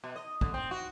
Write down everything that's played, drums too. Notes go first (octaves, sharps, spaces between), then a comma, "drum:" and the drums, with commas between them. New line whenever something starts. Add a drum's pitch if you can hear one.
B2
D#5
D3, drum: kick
C4
F#4